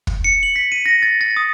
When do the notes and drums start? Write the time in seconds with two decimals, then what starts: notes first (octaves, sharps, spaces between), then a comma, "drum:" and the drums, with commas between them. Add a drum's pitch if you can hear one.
0.07 drum: kick
0.24 C#7
0.43 F#7
0.56 B6
0.72 D#7
0.86 A#6
1.02 A6
1.21 A6
1.37 D#6